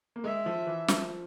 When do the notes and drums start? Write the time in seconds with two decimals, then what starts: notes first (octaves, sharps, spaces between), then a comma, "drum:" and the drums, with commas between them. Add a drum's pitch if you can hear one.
0.16 A#3
0.24 G#3 E5
0.46 F3
0.67 E3
0.88 F3, drum: snare